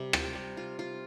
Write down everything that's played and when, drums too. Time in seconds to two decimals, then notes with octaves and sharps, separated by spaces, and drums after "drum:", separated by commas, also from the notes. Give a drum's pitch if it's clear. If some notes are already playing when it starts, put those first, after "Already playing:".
Already playing: C3 G3
0.13 F4 G5, drum: rim click
0.35 G3
0.57 F4
0.79 F4